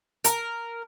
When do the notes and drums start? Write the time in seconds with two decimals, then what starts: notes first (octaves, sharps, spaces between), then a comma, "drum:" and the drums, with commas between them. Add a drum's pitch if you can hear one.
0.24 A#4, drum: hi-hat